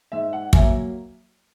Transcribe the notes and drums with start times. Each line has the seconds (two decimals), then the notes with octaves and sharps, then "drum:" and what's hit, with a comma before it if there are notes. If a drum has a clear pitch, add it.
0.12 G#2 E5
0.33 F#5
0.53 F#3 A#3 E5 G#5, drum: kick